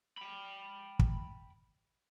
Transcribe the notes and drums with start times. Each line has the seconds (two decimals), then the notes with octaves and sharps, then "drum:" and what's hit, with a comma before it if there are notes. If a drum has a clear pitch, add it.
0.17 G5 B5
0.99 drum: kick